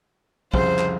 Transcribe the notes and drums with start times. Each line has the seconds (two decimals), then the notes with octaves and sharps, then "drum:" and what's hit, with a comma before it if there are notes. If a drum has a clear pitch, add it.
0.54 C2 F2 C#3 C5, drum: kick
0.79 drum: clap